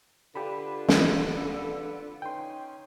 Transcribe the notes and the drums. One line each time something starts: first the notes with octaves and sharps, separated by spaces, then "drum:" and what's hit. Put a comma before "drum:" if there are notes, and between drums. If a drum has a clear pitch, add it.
D3 F4 G4 A4 B4 B5
drum: snare
C#4 D#4 G5 G#5 C6